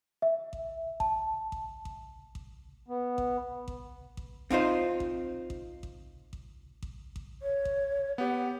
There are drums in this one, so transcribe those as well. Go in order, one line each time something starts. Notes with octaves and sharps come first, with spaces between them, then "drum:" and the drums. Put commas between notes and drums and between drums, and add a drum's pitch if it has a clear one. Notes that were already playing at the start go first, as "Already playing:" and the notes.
E5
drum: kick A1
A5, drum: kick A1
drum: kick A1
drum: kick A1
drum: kick A1
B3
drum: kick A1
drum: kick A1
drum: kick A1
C4 D#4 F4 C5, drum: kick A1
drum: kick A1
drum: kick A1
drum: kick A1
drum: kick A1
drum: kick A1
drum: kick A1
C#5
drum: kick A1
B3 G4 F#5